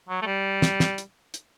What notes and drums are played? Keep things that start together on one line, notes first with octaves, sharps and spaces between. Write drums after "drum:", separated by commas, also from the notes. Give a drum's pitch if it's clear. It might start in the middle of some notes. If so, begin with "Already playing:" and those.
F#3
A3
G3
drum: snare
drum: snare
drum: hi-hat
drum: hi-hat